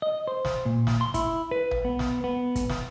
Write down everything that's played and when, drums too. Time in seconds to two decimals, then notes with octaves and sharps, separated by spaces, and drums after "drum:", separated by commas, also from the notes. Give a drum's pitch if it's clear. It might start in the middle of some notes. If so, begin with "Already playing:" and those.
0.02 D#5
0.27 C5
0.45 drum: snare
0.65 A#2
0.87 drum: snare
1.01 C6
1.14 E4, drum: kick, hi-hat
1.51 B4
1.71 drum: tom B1
1.85 B3
1.99 drum: snare
2.24 B3
2.56 drum: kick, hi-hat
2.70 drum: snare